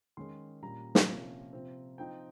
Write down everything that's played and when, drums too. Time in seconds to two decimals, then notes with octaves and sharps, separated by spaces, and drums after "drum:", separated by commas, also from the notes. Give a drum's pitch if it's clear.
0.17 D#3 G#3 C#4 C6
0.62 A#2 G3 C#4 A#5
0.95 drum: snare
1.08 C3 F3 A#3 C#4
1.53 C3 F3 C4
1.98 F3 C4 D#4 G5